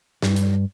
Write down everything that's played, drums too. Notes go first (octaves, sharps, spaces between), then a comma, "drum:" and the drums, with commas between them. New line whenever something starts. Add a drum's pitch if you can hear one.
G2, drum: snare
drum: hi-hat